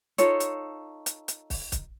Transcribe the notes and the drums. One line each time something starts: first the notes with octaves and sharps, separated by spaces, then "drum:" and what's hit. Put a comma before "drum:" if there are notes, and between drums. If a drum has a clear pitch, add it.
D#4 F4 A4 C#5, drum: hi-hat
drum: hi-hat
drum: hi-hat
drum: hi-hat
drum: kick, open hi-hat
drum: kick, hi-hat